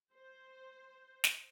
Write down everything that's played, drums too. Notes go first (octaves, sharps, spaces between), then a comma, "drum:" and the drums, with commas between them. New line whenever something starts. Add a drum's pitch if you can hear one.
C5
drum: snare